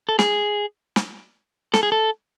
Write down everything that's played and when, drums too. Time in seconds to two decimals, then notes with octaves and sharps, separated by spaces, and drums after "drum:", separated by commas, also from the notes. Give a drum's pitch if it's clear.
0.09 A4
0.19 G#4, drum: snare
0.96 drum: snare
1.74 A4, drum: snare
1.83 G#4
1.92 A4